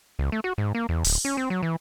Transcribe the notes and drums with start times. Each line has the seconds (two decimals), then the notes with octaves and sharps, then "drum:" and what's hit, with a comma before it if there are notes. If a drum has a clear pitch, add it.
0.19 C#2
0.32 A3
0.44 F#4
0.58 G#2
0.75 A#3
0.89 E2
1.05 D1, drum: open hi-hat
1.25 C#4
1.37 C4
1.50 F#3
1.63 E3